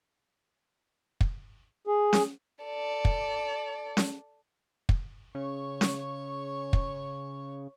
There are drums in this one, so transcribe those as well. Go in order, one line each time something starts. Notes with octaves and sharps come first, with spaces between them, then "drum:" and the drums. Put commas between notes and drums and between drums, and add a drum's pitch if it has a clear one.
drum: kick
G#4
drum: snare C#4
A4 D5
drum: kick
drum: snare C#4
drum: kick
C#3 C#5 C#6
drum: snare C#4
drum: kick